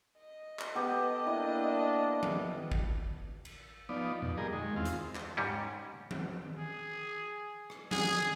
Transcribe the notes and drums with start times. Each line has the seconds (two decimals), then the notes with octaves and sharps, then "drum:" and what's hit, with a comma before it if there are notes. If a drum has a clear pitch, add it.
0.18 D#5
0.59 drum: clap
0.75 B3 G4 A4
1.27 A#3 D4 E4
2.23 drum: tom D#3
2.72 drum: kick
3.45 drum: cymbal
3.89 F3 B3 D#4 D5
4.22 F2 B2
4.37 G3 G#4 A#4 D#5
4.53 D#3 G#3
4.76 E2 C4 F4
4.85 drum: hi-hat
5.16 drum: clap
5.37 G#2 G3 C#4
6.11 drum: tom D#3
6.56 G#4
7.70 drum: rim click
7.91 G#4, drum: tom D#3